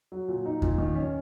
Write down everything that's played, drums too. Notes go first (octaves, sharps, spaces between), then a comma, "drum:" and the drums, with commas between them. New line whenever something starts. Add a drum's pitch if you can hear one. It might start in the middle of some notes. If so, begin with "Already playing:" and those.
F#3
A#2
D#4
A#2, drum: kick E2
D#3
C#4